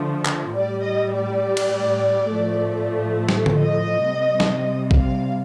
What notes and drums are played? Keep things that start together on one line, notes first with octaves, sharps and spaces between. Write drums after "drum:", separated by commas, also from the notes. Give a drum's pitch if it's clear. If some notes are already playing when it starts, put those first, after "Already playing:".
Already playing: D3 F3 A3
drum: clap
A2 G3 D5
D#5
D5
drum: cymbal
A2 F3 A3
drum: snare
drum: tom D3
D#5
C3 G3
drum: snare
F5, drum: kick A#1